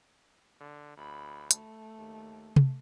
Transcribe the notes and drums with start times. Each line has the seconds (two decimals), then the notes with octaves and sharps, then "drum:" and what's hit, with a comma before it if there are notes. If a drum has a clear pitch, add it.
0.60 D3
0.97 D2 B5
1.51 A3, drum: hi-hat
1.98 D#2
2.56 drum: tom